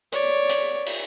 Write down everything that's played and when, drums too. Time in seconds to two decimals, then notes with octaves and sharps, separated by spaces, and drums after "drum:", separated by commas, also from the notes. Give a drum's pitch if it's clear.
0.12 C#5 D5, drum: hi-hat
0.49 drum: hi-hat
0.86 drum: open hi-hat